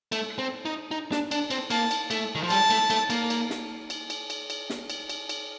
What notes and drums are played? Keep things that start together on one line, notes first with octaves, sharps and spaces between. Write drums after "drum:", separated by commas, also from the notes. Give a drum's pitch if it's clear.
A3, drum: cymbal
C4
D#4
D#4
D4, drum: snare
D4, drum: cymbal
C4, drum: cymbal
A#3 A5, drum: cymbal
drum: cymbal
A3, drum: cymbal
D#3
F3
G3 A5, drum: cymbal
A3, drum: cymbal
A3, drum: cymbal
A#3, drum: cymbal
drum: cymbal
drum: snare
drum: cymbal
drum: cymbal
drum: cymbal
drum: cymbal
drum: snare
drum: cymbal
drum: cymbal
drum: cymbal